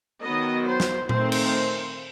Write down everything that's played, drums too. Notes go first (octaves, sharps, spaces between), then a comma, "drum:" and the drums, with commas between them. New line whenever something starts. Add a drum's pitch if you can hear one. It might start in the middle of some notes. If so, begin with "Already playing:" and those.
D#3 F#3 B3 D#5
C5
drum: snare
D#3 A3 C4 C5, drum: tom A#2
drum: cymbal